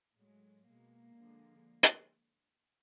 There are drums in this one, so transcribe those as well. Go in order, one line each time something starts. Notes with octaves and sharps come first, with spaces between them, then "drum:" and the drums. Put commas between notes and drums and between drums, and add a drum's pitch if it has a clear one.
A2 F#3 G#3
B2 G#3 A#3
D3 F3 G#3
drum: hi-hat